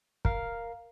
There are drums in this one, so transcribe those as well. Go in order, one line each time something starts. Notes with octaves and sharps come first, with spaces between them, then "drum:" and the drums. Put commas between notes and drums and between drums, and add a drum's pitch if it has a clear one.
A#4 F5, drum: kick